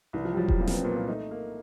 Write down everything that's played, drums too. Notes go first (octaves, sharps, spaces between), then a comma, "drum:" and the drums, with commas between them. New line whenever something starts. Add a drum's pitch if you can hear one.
C2 E3
F3
G3
F3 F#3
G3, drum: kick E1
C2 A#3
C4, drum: snare
B3
C4
A#2 B3
A#3
A3 D#4
A#3